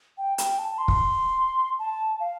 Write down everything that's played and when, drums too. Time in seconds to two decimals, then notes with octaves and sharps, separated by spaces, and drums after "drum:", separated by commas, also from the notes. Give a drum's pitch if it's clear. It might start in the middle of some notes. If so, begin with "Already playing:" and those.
0.18 G5
0.38 G5, drum: hi-hat
0.59 A5
0.78 C6
0.88 drum: kick
1.79 A5
2.20 F5